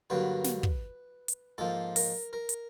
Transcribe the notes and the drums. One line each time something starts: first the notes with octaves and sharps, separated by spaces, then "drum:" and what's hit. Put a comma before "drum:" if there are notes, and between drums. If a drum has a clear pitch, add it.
G2 D3 F#3 A#3 B4
drum: snare
drum: kick
drum: hi-hat
G#2 F3 A#3 A4
A#4, drum: open hi-hat
A#4
drum: hi-hat